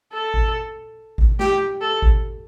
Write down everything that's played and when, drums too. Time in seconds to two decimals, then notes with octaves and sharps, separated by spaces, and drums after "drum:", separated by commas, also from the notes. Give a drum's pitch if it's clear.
0.13 A4
0.34 drum: kick G#1
1.18 drum: kick G#1
1.39 G4, drum: snare
1.81 A4
2.02 drum: kick G#1